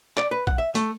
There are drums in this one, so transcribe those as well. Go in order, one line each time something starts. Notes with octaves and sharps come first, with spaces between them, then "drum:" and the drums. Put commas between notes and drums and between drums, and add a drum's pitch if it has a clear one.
D5, drum: clap
B4
F#5, drum: kick
E5
A3, drum: hi-hat